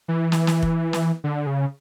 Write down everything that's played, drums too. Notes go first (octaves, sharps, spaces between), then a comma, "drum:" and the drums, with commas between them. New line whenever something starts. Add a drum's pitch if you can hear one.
E3
drum: snare
drum: snare
drum: kick F1
drum: snare
D3
C#3